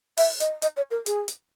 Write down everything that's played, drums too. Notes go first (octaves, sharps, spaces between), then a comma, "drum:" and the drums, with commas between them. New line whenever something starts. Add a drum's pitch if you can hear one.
E5, drum: open hi-hat
D#5, drum: hi-hat
D#5, drum: hi-hat
C#5
A#4
G#4, drum: hi-hat
drum: hi-hat